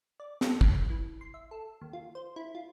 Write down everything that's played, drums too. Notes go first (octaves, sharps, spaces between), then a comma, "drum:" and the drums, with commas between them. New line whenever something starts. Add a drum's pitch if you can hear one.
D5
A4, drum: snare
drum: kick
A1
E3
C6
E5
A4
D#2
F4
C5
E4
F4